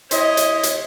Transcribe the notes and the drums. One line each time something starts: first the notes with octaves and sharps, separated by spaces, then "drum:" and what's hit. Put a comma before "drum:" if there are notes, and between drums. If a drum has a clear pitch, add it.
E4 C5 C#5 D#5, drum: hi-hat
drum: hi-hat
drum: hi-hat